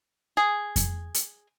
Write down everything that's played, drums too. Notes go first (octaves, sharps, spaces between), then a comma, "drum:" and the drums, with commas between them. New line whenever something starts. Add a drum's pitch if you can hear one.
G#4
drum: kick F2, hi-hat
drum: hi-hat